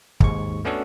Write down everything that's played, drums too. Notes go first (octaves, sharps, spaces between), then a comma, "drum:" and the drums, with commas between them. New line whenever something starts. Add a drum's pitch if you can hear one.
D#2 G#2 G#3 C#6, drum: kick
A3 B3 C#4 D4 F#4 A4